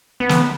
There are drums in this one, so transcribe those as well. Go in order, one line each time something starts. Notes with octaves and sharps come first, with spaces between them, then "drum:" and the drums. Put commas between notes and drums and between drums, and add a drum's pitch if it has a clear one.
B3
drum: snare